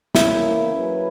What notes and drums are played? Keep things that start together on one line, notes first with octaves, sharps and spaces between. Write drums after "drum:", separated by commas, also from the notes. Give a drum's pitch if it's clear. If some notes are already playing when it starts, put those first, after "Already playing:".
E2 C#3 E3 A#3 C#4 E4, drum: snare
F#3 C#4 G#4 B4